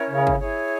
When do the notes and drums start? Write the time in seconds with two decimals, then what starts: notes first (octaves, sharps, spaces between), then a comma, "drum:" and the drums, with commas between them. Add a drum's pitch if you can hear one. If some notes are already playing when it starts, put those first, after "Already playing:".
Already playing: C#4 E4 A#4 C#5
0.10 C#3
0.27 drum: kick
0.38 E4 G#4 C#5